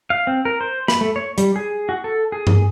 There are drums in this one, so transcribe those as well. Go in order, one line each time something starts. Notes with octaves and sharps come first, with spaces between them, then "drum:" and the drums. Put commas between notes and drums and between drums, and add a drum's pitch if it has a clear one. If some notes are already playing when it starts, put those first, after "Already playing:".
F5
C4
A#4
C5
B5, drum: snare
A3
C#5
G3, drum: hi-hat
G#4
F#4
A4
G#4
drum: tom G2